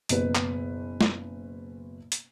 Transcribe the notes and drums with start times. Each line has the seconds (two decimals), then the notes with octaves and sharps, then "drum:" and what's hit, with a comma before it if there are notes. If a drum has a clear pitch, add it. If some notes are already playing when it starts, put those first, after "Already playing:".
0.09 F#1 B2 B4, drum: hi-hat
0.35 drum: clap
1.01 drum: snare
2.12 drum: hi-hat